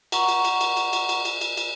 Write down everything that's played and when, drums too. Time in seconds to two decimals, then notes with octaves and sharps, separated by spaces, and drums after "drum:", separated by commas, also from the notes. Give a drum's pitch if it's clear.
0.12 F#5 A#5 C#6, drum: cymbal
0.28 drum: cymbal
0.45 drum: cymbal
0.61 drum: cymbal
0.77 drum: cymbal
0.93 drum: cymbal
1.09 drum: cymbal
1.25 drum: cymbal
1.41 drum: cymbal
1.57 drum: cymbal